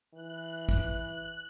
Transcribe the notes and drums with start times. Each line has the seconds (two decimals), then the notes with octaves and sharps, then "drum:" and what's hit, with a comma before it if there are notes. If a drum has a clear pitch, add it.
0.14 E3 F#6
0.69 drum: kick